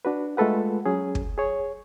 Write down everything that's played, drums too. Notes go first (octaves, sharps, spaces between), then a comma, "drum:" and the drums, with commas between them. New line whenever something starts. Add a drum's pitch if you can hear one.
D4 F#4 B4
G#3 A3 F4 A4 B4 F#5
F#3 C#4 G#4
drum: kick
G#4 C#5